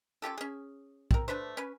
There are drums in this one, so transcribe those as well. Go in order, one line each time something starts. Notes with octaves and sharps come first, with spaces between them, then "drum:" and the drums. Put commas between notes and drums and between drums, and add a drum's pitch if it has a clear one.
C#4 F4 G4 A4
C#4 G#4
C4 A#4, drum: kick
A3 D4 B4 C5
C#4 B4